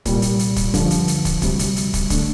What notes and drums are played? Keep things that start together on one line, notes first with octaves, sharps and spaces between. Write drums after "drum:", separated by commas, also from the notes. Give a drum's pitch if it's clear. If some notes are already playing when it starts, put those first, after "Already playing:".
C2 A#2 G3, drum: kick, hi-hat
drum: hi-hat
drum: hi-hat
drum: kick, hi-hat
G2 D3 F3, drum: kick, hi-hat
drum: hi-hat
drum: hi-hat
drum: kick, hi-hat
D2 C3 G3, drum: kick, hi-hat
drum: hi-hat
drum: hi-hat
drum: kick, hi-hat
D3 A3 D4, drum: kick, hi-hat